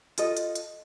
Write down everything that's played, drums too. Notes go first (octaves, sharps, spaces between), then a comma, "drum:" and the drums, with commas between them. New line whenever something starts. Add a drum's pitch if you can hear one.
F4 A4 D#5, drum: hi-hat
drum: hi-hat
drum: hi-hat